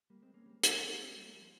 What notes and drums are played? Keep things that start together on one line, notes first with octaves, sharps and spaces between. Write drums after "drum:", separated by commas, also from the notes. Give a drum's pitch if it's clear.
G3 A#3
G#3 C4
A#3 C#4
G3 A#3
F3 G#3, drum: hi-hat
C4
A#3
G#3 C4
C4
G3 A#3
F3 G#3